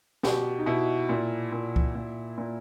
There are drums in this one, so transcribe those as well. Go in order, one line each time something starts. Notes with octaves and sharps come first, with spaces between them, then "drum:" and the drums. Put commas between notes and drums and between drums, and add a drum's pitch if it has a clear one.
B2 G4, drum: snare
D#4
B2 E4
A#2
A#2
drum: kick C#2
A#2
A#2